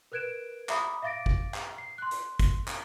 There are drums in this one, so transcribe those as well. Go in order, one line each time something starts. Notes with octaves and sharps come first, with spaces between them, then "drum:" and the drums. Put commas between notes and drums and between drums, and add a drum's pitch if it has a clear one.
A#4 B4 F#6 G#6 D7 E7
E5 A#5 B5 D6 D#6, drum: clap
E5 F5 D6 A6 A#6 D7
drum: kick
drum: clap
C7
C6 F#6
drum: hi-hat
drum: kick, hi-hat
drum: clap